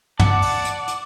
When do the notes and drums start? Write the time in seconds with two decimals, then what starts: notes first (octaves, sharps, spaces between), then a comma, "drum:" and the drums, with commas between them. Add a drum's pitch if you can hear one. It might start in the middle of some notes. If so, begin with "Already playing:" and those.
0.19 D5 F#5 A5, drum: tom
0.42 drum: open hi-hat
0.65 drum: hi-hat
0.87 drum: hi-hat